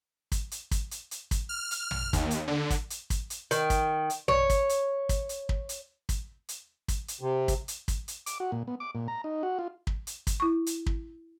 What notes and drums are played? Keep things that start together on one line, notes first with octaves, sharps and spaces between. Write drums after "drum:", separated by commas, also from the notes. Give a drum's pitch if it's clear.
drum: kick, hi-hat
drum: hi-hat
drum: kick, hi-hat
drum: hi-hat
drum: hi-hat
drum: kick, hi-hat
F6
drum: hi-hat
drum: tom
D#2, drum: kick, hi-hat
drum: hi-hat
D3
drum: kick, hi-hat
drum: hi-hat
drum: kick, hi-hat
drum: hi-hat
D#3, drum: hi-hat
drum: kick, hi-hat
drum: hi-hat
C#5, drum: tom
drum: kick, hi-hat
drum: hi-hat
drum: kick, hi-hat
drum: hi-hat
drum: kick
drum: hi-hat
drum: kick, hi-hat
drum: hi-hat
drum: kick, hi-hat
drum: hi-hat
C3
drum: kick, hi-hat
drum: hi-hat
drum: kick, hi-hat
drum: hi-hat
D6, drum: hi-hat
F#4
A#2
B3
D6
A#2
A#5
D#4
F#4
F4
drum: kick
drum: hi-hat
drum: kick, hi-hat
E4 C#6
drum: hi-hat
drum: kick